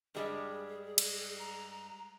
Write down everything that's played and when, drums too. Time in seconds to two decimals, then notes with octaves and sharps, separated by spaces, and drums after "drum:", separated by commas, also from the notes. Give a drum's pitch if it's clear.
0.15 G2 G3 G#3 G#4
0.98 drum: cymbal
1.38 A#5